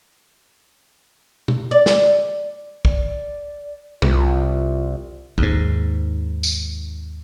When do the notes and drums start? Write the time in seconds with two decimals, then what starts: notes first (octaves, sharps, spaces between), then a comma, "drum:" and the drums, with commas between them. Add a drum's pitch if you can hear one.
1.48 drum: tom
1.71 D5
1.86 drum: snare
2.85 D5, drum: kick
4.02 C2 F4, drum: tom C3
5.38 D#2 G#2, drum: kick
6.43 drum: tambourine